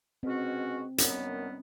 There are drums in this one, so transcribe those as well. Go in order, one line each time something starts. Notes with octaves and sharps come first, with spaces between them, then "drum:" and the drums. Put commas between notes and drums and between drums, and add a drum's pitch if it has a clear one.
B2 G#3 C4 C#4 F#4
F#2 D#3 G3 B3 C#4, drum: hi-hat